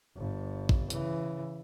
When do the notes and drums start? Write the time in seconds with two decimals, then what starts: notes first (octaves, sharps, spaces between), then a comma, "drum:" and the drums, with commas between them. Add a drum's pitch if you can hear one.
0.16 G1 G2
0.69 drum: kick
0.90 C#3 E3, drum: hi-hat